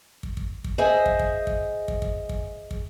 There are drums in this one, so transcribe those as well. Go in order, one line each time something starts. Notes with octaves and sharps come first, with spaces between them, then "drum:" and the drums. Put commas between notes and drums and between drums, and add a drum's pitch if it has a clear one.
drum: kick
drum: kick
drum: kick
G#4 C5 D#5 E5 G#5
drum: kick
drum: kick
drum: kick
drum: kick
drum: kick
drum: kick
drum: kick